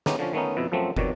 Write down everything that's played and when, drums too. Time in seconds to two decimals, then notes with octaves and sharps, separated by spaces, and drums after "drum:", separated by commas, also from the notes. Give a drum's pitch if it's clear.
0.06 A3 B3 C#4 D#4 G4 G#4, drum: snare
0.19 D3 F3 C#4
0.33 D#3 A3 B3 C#4 D#4
0.57 F2 B2 E4
0.72 F#2 F3 F#3 A3 C4
0.96 F2 B2 D#3 C#5 D5, drum: kick